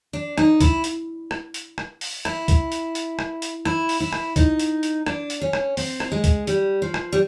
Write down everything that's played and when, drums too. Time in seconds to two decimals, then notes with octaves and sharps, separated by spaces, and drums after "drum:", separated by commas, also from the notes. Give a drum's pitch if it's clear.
0.13 D4
0.38 D#4, drum: rim click
0.61 E4, drum: kick C2, hi-hat
0.84 drum: hi-hat
1.31 drum: rim click
1.54 drum: hi-hat
1.78 drum: rim click
2.01 drum: open hi-hat
2.25 E4, drum: rim click
2.48 drum: kick C2, hi-hat
2.72 drum: hi-hat
2.95 drum: hi-hat
3.19 drum: rim click
3.42 drum: hi-hat
3.65 E4, drum: rim click
3.89 drum: open hi-hat
4.00 E4
4.13 drum: rim click
4.36 D#4, drum: kick C2, hi-hat
4.59 drum: hi-hat
4.83 drum: hi-hat
5.06 D4, drum: rim click
5.30 drum: hi-hat
5.41 C#4
5.53 drum: rim click
5.77 C4, drum: open hi-hat
6.00 drum: rim click
6.12 G#3
6.24 drum: kick C2, hi-hat
6.47 G3, drum: hi-hat
6.82 F3
6.94 drum: rim click
7.13 G3